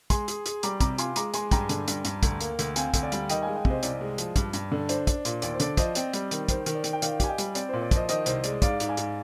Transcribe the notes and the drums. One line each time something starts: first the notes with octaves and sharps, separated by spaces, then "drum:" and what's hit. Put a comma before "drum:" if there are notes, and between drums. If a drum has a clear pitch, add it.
G#3 G#5 C6, drum: kick, hi-hat
G#4, drum: hi-hat
G#4, drum: hi-hat
G3 A#5 D6, drum: hi-hat
C3 A#5 D6, drum: kick, hi-hat
F4 G#5 C6, drum: hi-hat
G#3 A#5 D6, drum: hi-hat
G#3 G#5 C6, drum: hi-hat
G2 G5 A#5, drum: kick, hi-hat
D3, drum: hi-hat
G2, drum: hi-hat
G2, drum: hi-hat
D2, drum: kick, hi-hat
A#3, drum: hi-hat
D2, drum: hi-hat
C4 F5 G#5, drum: hi-hat
D2, drum: kick, hi-hat
D5 F5
G3, drum: hi-hat
D#3 D#5 G5, drum: hi-hat
G#3 F5 G#5
D#5 G5
C3, drum: kick
C5 D#5
C2 D5, drum: hi-hat
G#3
F3, drum: hi-hat
G2, drum: kick, hi-hat
G2, drum: hi-hat
D3
D4 C5, drum: hi-hat
D4, drum: kick, hi-hat
A#2, drum: hi-hat
D#2 D5, drum: hi-hat
C5
D3 D5, drum: hi-hat
F3 C5 D#5, drum: kick, hi-hat
C4 D5, drum: hi-hat
G3, drum: hi-hat
D#3, drum: hi-hat
D#3 C5, drum: kick, hi-hat
D#3, drum: hi-hat
D5
D#3, drum: hi-hat
G5
D#3 D5 F5, drum: hi-hat
G4 G#5, drum: kick, hi-hat
D#5 G5
G3, drum: hi-hat
C4 D5, drum: hi-hat
A#2 C5
D5
F3 C5 D#5, drum: kick, hi-hat
D#3 C5 D#5, drum: hi-hat
C2 C5, drum: hi-hat
G#3 D5, drum: hi-hat
G#2 D5 F5, drum: kick, hi-hat
G#2, drum: hi-hat
F5 G#5
G#2, drum: hi-hat